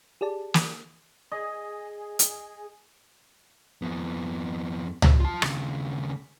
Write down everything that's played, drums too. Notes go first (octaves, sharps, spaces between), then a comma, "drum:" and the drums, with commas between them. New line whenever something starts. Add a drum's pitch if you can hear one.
G4 G#4 D5 A5
drum: snare
G#4 D#5
drum: hi-hat
F2 B3
drum: tom C#2
F4 A5
D#2 C#3, drum: rim click